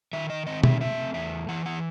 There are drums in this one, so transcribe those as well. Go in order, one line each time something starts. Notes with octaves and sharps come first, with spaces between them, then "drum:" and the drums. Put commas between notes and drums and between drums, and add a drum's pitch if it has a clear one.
D#3 E5
D#5
C4 D#5
E5, drum: tom B2
A3 E5
E2 E5
E3 F#5
F#5